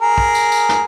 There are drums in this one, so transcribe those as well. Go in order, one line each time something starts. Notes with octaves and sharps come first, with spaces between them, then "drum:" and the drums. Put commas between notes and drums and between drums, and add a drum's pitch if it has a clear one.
G#4 A#4
drum: kick
drum: tambourine
drum: tambourine
drum: snare